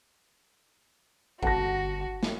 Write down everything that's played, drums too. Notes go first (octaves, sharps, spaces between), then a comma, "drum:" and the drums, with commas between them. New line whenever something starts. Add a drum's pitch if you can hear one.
G1 F#4 F#5 A5 A#6, drum: kick A#1
drum: snare